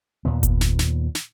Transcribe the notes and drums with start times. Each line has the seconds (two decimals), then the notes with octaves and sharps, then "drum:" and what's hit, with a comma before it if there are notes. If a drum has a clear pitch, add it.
0.25 D#2 A#2 B3
0.43 drum: kick F#1, hi-hat
0.61 drum: snare
0.79 drum: snare
1.15 drum: snare